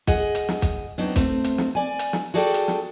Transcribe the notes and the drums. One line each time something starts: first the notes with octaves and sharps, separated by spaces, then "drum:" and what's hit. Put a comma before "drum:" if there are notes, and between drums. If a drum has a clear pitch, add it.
G#4 D#5 F#5, drum: kick, hi-hat
drum: hi-hat
drum: snare
drum: kick, hi-hat
F#3 B3 C4 D4 D#4
A3 C4, drum: kick, hi-hat
drum: hi-hat
drum: snare
D5 G#5
drum: hi-hat
drum: snare
F#4 G#4 A4 D5 D#5 G5
drum: hi-hat
drum: snare